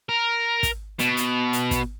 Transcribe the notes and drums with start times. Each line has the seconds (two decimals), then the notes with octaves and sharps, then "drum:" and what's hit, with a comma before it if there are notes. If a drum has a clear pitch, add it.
0.09 A#4
0.63 drum: kick, hi-hat
0.99 B2, drum: hi-hat
1.17 drum: hi-hat
1.53 drum: hi-hat
1.71 drum: kick, hi-hat